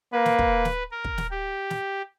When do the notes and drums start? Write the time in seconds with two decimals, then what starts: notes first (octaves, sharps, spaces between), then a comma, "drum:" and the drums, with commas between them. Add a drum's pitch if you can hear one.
0.12 A#3 B4
0.25 drum: snare
0.39 drum: kick
0.65 drum: snare
0.91 A#4
1.04 drum: kick
1.18 drum: snare
1.31 G4
1.70 drum: snare